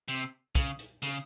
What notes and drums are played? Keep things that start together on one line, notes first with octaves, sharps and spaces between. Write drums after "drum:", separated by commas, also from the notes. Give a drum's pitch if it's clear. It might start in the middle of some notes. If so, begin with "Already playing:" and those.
C3
C#3, drum: kick, hi-hat
drum: hi-hat
C#3, drum: hi-hat